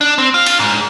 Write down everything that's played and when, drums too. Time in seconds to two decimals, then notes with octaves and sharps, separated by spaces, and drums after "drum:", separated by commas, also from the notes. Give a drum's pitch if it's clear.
0.01 D4
0.18 C4
0.34 F4
0.46 drum: cymbal
0.59 G#2